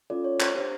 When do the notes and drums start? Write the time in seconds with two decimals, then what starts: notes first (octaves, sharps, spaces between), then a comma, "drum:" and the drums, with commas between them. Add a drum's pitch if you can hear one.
0.10 C#4 F4 A4 D5
0.24 C#5
0.40 C5, drum: clap
0.55 D4 G4 C5